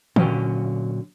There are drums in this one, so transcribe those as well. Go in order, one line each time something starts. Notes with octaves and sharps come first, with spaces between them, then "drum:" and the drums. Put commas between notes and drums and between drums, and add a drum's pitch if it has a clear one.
A#2 D3 F#3 C#4 G4, drum: tom D#3